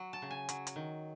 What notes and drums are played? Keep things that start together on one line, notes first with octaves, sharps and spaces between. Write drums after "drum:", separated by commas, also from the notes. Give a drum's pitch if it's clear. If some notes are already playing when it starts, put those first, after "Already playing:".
Already playing: F#3
A5
C#3
G#5
F#3, drum: hi-hat
drum: hi-hat
D#3